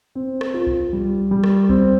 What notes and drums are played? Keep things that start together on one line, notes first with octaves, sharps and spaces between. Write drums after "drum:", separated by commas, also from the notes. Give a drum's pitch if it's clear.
C4
drum: rim click
F4
drum: kick C2
G3
G3
drum: rim click
C4, drum: kick C2